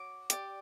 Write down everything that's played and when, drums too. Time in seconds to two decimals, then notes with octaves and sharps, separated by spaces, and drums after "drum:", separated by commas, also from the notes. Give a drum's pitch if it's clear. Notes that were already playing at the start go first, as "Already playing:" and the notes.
Already playing: F#4 C#5 D6
0.30 G4 D5, drum: hi-hat